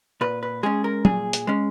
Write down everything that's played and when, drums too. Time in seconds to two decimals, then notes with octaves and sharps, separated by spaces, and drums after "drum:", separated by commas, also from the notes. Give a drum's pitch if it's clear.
0.21 A#2 B4
0.43 B4
0.63 G#3 C#4 G#4
0.84 A#4
1.05 A#2 G#4, drum: tom
1.33 drum: hi-hat
1.47 G#3 C#4